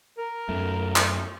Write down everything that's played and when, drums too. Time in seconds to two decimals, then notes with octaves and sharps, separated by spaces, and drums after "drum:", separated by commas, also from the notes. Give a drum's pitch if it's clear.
0.18 A#4
0.49 F#2 A3
0.96 drum: clap